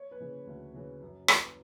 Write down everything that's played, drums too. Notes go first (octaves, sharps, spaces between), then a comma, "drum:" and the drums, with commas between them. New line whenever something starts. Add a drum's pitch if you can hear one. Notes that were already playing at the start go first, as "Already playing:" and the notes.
Already playing: C#5
B4
C#3 E3
D2
C#3 E3
F#2
E3, drum: rim click